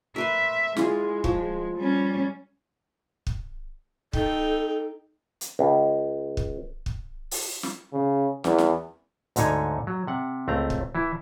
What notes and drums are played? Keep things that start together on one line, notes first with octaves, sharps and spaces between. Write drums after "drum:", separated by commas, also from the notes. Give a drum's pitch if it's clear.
A#4 B4 E5 C6
E3 G#3 F4 G#4, drum: snare
F3, drum: kick
G3 C#4
drum: kick
D#4 A4 G5, drum: kick
drum: hi-hat
C#2
drum: kick
drum: kick
drum: open hi-hat
drum: snare
C#3
E2, drum: snare
drum: snare
D2 G#2 D3 D#4 C#5 G#5, drum: hi-hat
F#3
C3 F#5
C#2 A3 C4 A#5
drum: kick
E3 E4